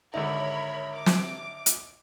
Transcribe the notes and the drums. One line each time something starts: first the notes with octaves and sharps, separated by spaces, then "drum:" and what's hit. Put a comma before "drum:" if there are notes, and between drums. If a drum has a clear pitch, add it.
G#1 D3 D#4 A#4 C#5 E5 B5
D6
drum: snare
drum: hi-hat